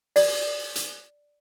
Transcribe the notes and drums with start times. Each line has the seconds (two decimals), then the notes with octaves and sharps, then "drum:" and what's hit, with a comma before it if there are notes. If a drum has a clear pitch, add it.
0.16 D5, drum: open hi-hat
0.76 drum: hi-hat